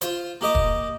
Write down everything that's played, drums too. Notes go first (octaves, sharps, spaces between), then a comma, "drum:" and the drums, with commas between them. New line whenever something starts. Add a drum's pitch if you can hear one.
F4 C5, drum: hi-hat
A#3 G4 D#5 D6
drum: kick